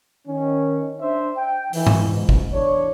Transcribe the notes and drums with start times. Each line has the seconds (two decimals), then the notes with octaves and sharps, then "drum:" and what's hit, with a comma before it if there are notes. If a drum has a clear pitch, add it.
0.27 D#3 C#4
1.01 D4 C5 E5
1.37 G5
1.73 E3, drum: open hi-hat
1.87 drum: tom G#2
2.08 C#2 G#2 B2
2.29 drum: kick
2.52 E2 D4 C#5